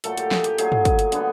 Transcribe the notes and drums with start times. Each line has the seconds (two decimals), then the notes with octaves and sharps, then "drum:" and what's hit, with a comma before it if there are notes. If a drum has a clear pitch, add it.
0.04 A#2 F#3 A3 A4, drum: hi-hat
0.17 G4, drum: hi-hat
0.31 G#4, drum: snare
0.44 G4, drum: hi-hat
0.58 A#2 F#3 A3 G#4, drum: hi-hat
0.72 drum: tom
0.85 drum: kick, hi-hat
0.99 drum: hi-hat
1.12 D3 G3 B3, drum: hi-hat